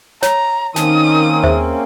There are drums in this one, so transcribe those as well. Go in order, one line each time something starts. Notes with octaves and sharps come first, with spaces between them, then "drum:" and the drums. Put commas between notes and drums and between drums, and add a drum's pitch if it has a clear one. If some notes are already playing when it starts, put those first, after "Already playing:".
C#5 A#5, drum: snare
D#3 A#3 C4 C#4 A5 D#6, drum: snare
G#4 C5 E5, drum: tom D#2